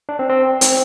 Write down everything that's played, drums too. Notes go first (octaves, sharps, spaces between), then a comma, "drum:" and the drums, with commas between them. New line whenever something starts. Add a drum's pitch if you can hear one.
D4
C4
C4
C4, drum: hi-hat